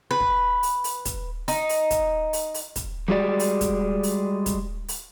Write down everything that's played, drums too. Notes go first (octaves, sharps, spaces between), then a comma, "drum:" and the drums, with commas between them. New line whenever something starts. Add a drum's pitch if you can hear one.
B4
drum: kick
drum: open hi-hat
drum: open hi-hat
drum: kick, hi-hat
D#4, drum: open hi-hat
drum: open hi-hat
drum: kick, hi-hat
drum: open hi-hat
drum: open hi-hat
drum: kick, hi-hat
G3 G#3 F#4 D5
drum: open hi-hat
drum: kick, hi-hat
drum: open hi-hat
drum: kick, hi-hat
drum: open hi-hat